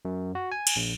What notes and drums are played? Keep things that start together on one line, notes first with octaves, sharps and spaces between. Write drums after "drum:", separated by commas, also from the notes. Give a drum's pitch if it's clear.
F#2
F#4
G#5
drum: cymbal
A#1